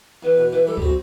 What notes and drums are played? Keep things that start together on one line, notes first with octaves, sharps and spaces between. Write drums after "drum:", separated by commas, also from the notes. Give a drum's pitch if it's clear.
E2 B4
B2
E3 B4
G3 A4
G4, drum: kick C#2
C4 F#4